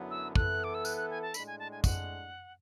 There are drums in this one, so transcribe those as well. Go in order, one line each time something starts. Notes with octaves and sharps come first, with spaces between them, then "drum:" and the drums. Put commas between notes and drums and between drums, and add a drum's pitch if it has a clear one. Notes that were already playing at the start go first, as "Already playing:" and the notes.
Already playing: F#2 D3 F#3 B3 E4
E6
E3 B3 E4 A4 F#6, drum: kick
D6
E6
F#6, drum: tambourine
F#6
G#5
A5
A2 G#3 D4 B5, drum: tambourine
G#5
A5
G#5
F#5, drum: kick, tambourine